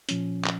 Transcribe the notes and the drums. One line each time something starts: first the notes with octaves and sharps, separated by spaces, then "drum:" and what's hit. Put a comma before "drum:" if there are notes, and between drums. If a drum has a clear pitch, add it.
A#2 F3 C#4, drum: hi-hat
drum: clap